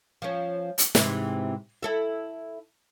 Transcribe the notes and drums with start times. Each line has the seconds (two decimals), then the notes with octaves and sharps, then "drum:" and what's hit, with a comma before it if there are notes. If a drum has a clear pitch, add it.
0.22 F3 C#4
0.78 drum: hi-hat
0.95 G#2 C3 E3, drum: snare
1.83 E4 A4 E5